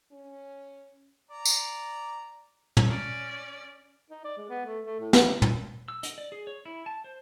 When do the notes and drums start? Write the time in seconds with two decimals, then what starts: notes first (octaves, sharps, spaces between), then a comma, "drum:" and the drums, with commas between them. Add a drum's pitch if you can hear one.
0.12 C#4
1.31 D5 A#5
1.45 drum: tambourine
2.77 drum: tom
2.86 C#4 D5
4.10 D#4
4.25 D5
4.38 G#3
4.49 B3
4.65 A3
4.85 A3
5.00 A2
5.13 C4, drum: snare
5.26 D#4
5.42 A#2, drum: tom
5.88 E6
6.03 D#5, drum: hi-hat
6.18 D5
6.32 G#4
6.47 C#5
6.65 E4
6.86 A5
7.04 C5